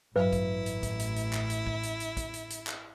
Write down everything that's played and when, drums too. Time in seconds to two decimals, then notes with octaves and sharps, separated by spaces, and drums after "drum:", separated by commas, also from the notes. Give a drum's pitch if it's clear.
0.16 A1 G2 F#3 E4 B4
0.32 drum: kick, hi-hat
0.66 drum: hi-hat
0.83 drum: kick, hi-hat
0.99 drum: hi-hat
1.16 drum: hi-hat
1.33 drum: clap
1.50 drum: hi-hat
1.67 drum: kick
1.83 drum: hi-hat
2.00 drum: hi-hat
2.17 drum: kick, hi-hat
2.34 drum: hi-hat
2.50 drum: hi-hat
2.67 drum: clap